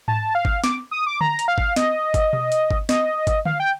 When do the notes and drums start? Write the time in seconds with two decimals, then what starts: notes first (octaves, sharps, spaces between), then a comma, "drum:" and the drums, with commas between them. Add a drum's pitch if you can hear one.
0.08 A5, drum: tom G#2
0.35 F5
0.45 drum: kick G1
0.64 D6, drum: snare
0.91 D#6
1.07 D6
1.21 A#5, drum: tom D3
1.39 drum: hi-hat
1.48 F5
1.58 drum: kick G1
1.76 D#5, drum: snare
2.14 drum: kick G1, hi-hat
2.33 drum: tom B2
2.52 drum: hi-hat
2.71 drum: kick G1
2.89 D#5, drum: snare
3.27 drum: kick G1, hi-hat
3.45 F5, drum: tom D3
3.60 G5